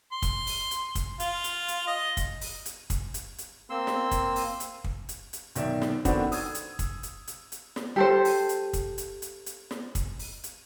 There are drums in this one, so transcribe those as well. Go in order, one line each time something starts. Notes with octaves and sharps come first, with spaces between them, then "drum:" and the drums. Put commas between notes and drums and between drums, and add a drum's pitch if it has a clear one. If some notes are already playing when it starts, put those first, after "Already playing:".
C6
drum: kick, hi-hat
drum: open hi-hat
drum: hi-hat
drum: kick, hi-hat
F4, drum: hi-hat
drum: hi-hat
drum: hi-hat
D#5
drum: kick, hi-hat
drum: open hi-hat
drum: hi-hat
drum: kick, hi-hat
drum: hi-hat
drum: hi-hat
A#3 C4 C6 E6
drum: snare
drum: kick, hi-hat
drum: open hi-hat
drum: hi-hat
drum: kick
drum: hi-hat
drum: hi-hat
B1 D#3 D5 E5, drum: hi-hat
drum: snare
D#3 B3 C4 D4 F#4 A4, drum: kick, hi-hat
D#6 E6 G#6, drum: open hi-hat
drum: hi-hat
drum: kick, hi-hat
drum: hi-hat
drum: hi-hat
drum: hi-hat
drum: snare
G4 A4 C5
drum: open hi-hat
drum: hi-hat
drum: kick, hi-hat
drum: hi-hat
drum: hi-hat
drum: hi-hat
drum: snare
drum: kick, hi-hat
drum: open hi-hat
drum: hi-hat